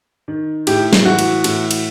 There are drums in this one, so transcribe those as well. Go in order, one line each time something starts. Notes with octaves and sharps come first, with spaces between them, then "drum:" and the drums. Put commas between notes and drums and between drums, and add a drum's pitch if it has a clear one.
D#3
A2 G4, drum: cymbal
drum: snare
E3 F#4
drum: cymbal
A2, drum: cymbal
drum: cymbal